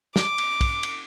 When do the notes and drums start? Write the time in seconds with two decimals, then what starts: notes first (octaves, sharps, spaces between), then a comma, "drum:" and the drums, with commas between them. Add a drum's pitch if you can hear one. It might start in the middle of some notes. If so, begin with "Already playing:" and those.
0.16 D6, drum: snare
0.38 drum: cymbal
0.61 drum: kick, cymbal
0.83 drum: cymbal